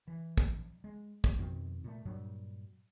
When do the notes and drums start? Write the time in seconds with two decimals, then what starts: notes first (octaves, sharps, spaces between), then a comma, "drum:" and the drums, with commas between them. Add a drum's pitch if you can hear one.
0.07 E3
0.37 drum: kick
0.84 G#3
1.24 G2, drum: kick
1.38 F2 B2 D#3 C4
1.84 A#2 A3
2.05 G2 A#2 F#3 G3